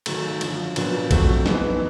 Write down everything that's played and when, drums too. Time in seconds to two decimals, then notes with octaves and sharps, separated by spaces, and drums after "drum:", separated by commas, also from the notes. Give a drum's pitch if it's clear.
0.06 D#3 F#3 A3, drum: cymbal
0.41 F#2 D3 F3, drum: cymbal
0.76 A#2 F#3 B3 D4, drum: cymbal
1.11 F2 D3 F#3 A3 C4, drum: kick A#1, cymbal
1.46 E3 G#3 B3 D#4, drum: snare